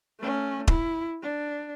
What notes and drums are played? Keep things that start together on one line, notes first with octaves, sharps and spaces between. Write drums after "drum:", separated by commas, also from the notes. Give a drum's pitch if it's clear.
A3 C#4
E4, drum: kick D#1
D4